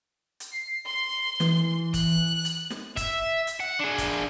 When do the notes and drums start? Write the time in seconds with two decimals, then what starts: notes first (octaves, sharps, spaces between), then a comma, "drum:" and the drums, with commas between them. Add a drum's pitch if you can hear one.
0.40 drum: hi-hat
0.52 C7
0.85 C6
1.40 E3, drum: snare
1.94 F#6, drum: kick, hi-hat
2.45 drum: hi-hat
2.70 drum: snare
2.97 E5, drum: kick, hi-hat
3.47 drum: hi-hat
3.60 F#5
3.79 D4 G#4
3.98 drum: kick, hi-hat